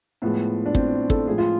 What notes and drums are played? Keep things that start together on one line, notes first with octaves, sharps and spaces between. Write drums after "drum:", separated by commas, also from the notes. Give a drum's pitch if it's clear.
A2 F3 G#3 B3
D4
C4, drum: kick
A4, drum: kick
A2 F3 G#3 G#4
F4